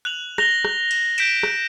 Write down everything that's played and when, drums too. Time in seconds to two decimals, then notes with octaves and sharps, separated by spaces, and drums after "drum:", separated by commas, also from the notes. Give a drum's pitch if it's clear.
0.05 F#6 F7 F#7
0.38 A#6 F7 G7, drum: rim click
0.65 drum: rim click
0.91 drum: cymbal
1.18 G6 B6 D7 E7, drum: cymbal
1.43 drum: rim click